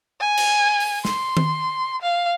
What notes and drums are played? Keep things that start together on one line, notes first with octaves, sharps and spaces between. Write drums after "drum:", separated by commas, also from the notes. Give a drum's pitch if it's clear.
G#5
drum: cymbal
drum: open hi-hat
C6, drum: snare
drum: tom D#3
F5